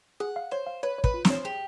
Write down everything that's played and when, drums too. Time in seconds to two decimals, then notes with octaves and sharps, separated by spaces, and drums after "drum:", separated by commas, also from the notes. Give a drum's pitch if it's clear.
0.20 G#4 F#5
0.36 F5
0.51 C5 C#5
0.66 F5
0.83 B4 C#5
0.98 C#5
1.04 B4, drum: kick
1.14 F4
1.25 C5, drum: snare
1.30 C#5
1.45 G4 G#4